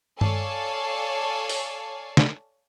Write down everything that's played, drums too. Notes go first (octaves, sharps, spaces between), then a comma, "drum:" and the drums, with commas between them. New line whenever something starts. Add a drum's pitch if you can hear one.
A4 C#5 D5 F5 G#5 A5, drum: tom G2
drum: open hi-hat
drum: snare